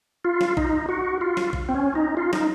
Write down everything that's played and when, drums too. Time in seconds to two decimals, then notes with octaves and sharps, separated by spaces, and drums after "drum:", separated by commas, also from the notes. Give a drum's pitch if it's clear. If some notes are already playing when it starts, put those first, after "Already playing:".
0.25 F4
0.41 drum: snare
0.57 D#4, drum: kick A#1
0.89 F#4
1.21 F4
1.37 drum: snare
1.53 drum: kick A#1
1.69 C4
1.75 C#4
1.95 D#4
2.17 F4
2.33 D#4, drum: snare